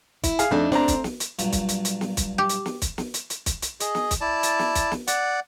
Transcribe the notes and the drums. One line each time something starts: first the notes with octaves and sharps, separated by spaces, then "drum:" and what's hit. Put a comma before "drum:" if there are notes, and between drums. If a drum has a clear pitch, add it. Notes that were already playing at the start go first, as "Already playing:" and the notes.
E4, drum: kick, hi-hat
G#4 F5, drum: hi-hat
F2 A3 D4 D#4
C4 D4 A#5, drum: snare
drum: kick, hi-hat
drum: snare
drum: hi-hat
G2 A#2 F#3, drum: hi-hat
drum: kick, hi-hat
drum: hi-hat
drum: hi-hat
drum: snare
drum: kick, hi-hat
G4
drum: hi-hat
drum: snare
drum: kick, hi-hat
drum: snare
drum: hi-hat
drum: hi-hat
drum: kick, hi-hat
drum: hi-hat
G#4 D#5, drum: hi-hat
drum: snare
drum: kick, hi-hat
E4 D5 A5
drum: hi-hat
drum: snare
drum: kick, hi-hat
drum: snare
D5 F#5, drum: hi-hat